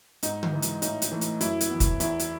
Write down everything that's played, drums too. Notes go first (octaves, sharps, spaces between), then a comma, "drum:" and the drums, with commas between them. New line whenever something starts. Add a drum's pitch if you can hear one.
G#2 D#4, drum: hi-hat
drum: tom D3
E3 G#3
drum: hi-hat
A2 D#4, drum: hi-hat
drum: hi-hat
E3 A3
drum: hi-hat
F#2 E4, drum: hi-hat
drum: hi-hat
E3 B3
drum: kick, hi-hat
E2 E4, drum: hi-hat
drum: hi-hat